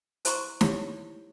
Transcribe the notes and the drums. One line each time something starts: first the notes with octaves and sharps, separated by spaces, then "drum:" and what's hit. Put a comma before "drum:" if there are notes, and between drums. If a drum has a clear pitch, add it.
E4 C5 A#5 C6 C#6, drum: hi-hat
D#4 E4 G4 C#5, drum: snare